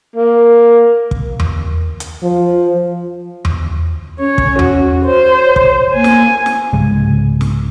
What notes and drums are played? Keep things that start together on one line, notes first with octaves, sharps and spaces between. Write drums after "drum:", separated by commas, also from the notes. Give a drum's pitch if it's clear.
A#3
drum: kick
drum: tom E2
drum: hi-hat
F3
drum: tom E2
C#4 C#5
drum: kick
F#4, drum: tom E2
C5 C#5
drum: kick
A#3 G#5
drum: snare
drum: snare
C2 G#2 C#3 G#3
drum: snare